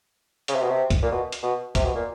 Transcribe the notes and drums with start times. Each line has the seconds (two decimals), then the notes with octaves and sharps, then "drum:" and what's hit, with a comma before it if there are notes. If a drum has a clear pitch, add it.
0.48 C#3, drum: hi-hat
0.55 C3
0.62 B2
0.70 C3
0.90 drum: kick, hi-hat
1.02 A#2
1.12 B2
1.32 drum: hi-hat
1.43 B2
1.75 C3, drum: kick, hi-hat
1.85 B2
1.95 A#2